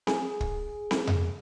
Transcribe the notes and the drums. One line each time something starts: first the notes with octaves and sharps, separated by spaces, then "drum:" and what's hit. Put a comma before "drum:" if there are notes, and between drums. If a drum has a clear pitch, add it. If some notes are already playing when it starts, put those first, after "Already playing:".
G#4, drum: snare C4
drum: kick
drum: snare C4
drum: tom F2